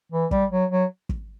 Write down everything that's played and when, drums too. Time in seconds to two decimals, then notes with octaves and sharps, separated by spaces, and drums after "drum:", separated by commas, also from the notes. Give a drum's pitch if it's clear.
0.12 E3
0.31 G3, drum: kick
0.51 F#3
0.71 F#3
1.09 drum: kick